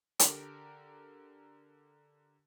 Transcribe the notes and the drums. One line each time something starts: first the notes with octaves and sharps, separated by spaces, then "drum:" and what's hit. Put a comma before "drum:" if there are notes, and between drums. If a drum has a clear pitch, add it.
D3 G4 A#4, drum: hi-hat